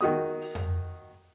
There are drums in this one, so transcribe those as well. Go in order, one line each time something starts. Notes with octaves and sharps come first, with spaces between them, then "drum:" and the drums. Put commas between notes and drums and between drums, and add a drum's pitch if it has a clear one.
D#3 F#4 D#6
drum: open hi-hat
drum: tom F2